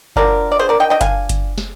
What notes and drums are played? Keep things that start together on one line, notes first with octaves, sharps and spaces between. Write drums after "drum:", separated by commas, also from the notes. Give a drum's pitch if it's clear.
D3 F3 A#3 A#4 D5, drum: kick F#1
D5
G#4 C5
A#4 D5
D#5 G5
D#5 G5
F5 G#5, drum: kick F#1, hi-hat
drum: kick F#1, hi-hat
drum: snare